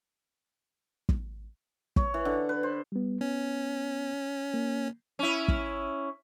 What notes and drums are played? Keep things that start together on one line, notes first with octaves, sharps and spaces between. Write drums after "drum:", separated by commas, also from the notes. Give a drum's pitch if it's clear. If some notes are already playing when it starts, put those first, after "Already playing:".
drum: kick
C#5, drum: kick
E3
D3
B4
C5
G3 B3
B3 C#4
A#3
C#4 E4
drum: kick